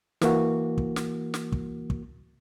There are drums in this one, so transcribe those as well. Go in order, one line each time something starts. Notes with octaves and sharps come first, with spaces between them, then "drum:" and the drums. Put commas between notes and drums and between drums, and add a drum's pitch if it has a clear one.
E3 A#3 F#4, drum: snare
drum: kick
drum: snare
drum: snare
drum: kick
drum: kick